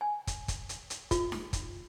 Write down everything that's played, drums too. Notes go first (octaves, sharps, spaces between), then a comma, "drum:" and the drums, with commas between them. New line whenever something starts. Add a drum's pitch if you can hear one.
G#5
drum: kick, hi-hat
drum: kick, hi-hat
drum: hi-hat
drum: hi-hat
F4, drum: kick, hi-hat
drum: snare D#4
drum: kick, hi-hat